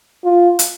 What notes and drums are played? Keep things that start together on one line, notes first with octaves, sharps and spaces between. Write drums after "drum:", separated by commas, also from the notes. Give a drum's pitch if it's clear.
F4
drum: hi-hat